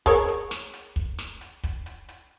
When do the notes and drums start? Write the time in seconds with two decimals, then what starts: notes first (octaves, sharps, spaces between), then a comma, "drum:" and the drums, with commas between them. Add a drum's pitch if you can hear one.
0.06 G#4 A#4 C#5, drum: kick, hi-hat
0.28 drum: hi-hat
0.51 drum: snare
0.73 drum: hi-hat
0.96 drum: kick
1.19 drum: snare
1.41 drum: hi-hat
1.64 drum: kick, hi-hat
1.86 drum: hi-hat
2.09 drum: hi-hat